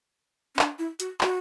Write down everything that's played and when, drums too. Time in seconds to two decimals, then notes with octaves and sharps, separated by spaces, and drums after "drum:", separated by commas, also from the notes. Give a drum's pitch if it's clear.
0.55 C#4
0.59 D4, drum: clap
0.79 E4
1.00 F#4, drum: hi-hat
1.21 F#4, drum: clap